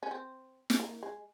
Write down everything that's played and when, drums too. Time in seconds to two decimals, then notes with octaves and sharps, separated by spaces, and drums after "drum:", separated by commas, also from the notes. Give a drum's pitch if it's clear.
0.03 C#4
0.11 C4
0.70 drum: snare
0.80 A#3
1.03 G#3